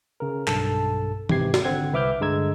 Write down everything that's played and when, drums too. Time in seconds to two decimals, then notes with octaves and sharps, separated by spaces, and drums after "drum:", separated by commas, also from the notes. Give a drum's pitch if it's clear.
0.20 C#3 A#4
0.47 B1 G2 A4 A5, drum: clap
1.29 G#2 C3 E3 G4 G#6 C7, drum: tom
1.54 drum: snare
1.64 G#1 D3 C4 F#5 G#6
1.93 C2 B4 E5 D6 F6 G6
2.20 G2 D3 G#3 A#5 E6 G#6